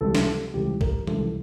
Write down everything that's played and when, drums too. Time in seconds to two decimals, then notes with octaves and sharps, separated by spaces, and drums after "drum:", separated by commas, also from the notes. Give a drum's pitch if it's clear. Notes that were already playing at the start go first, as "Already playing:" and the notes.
0.01 C#2 C3 E3 G3 A4
0.15 drum: snare
0.54 C#2 C3 E3 G3 G4
0.81 A#4, drum: kick
1.07 C#2 C3 E3 G3 A4, drum: tom F3